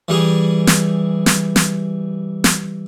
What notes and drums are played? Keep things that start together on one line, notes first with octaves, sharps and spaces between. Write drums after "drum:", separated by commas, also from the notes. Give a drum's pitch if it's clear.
E3 G3 G#4
drum: snare
drum: snare
drum: snare
drum: snare